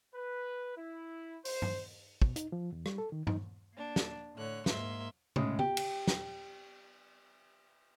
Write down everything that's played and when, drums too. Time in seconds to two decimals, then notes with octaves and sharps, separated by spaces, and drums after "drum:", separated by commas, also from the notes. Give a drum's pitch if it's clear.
0.13 B4
0.76 E4
1.45 C5, drum: open hi-hat
1.62 drum: tom G2
2.22 B2, drum: kick
2.36 D#4, drum: hi-hat
2.52 F3
2.73 E2
2.86 G3, drum: rim click
2.98 A4
3.12 D#3
3.27 D#4, drum: tom G2
3.74 A#3 D4
3.96 drum: snare
4.35 A2 D3 C#5 F#6
4.66 G#2 A#3 E5 C6, drum: snare
5.36 A2 C#3 G#3, drum: tom
5.59 G4, drum: tom
5.77 drum: cymbal
6.08 drum: snare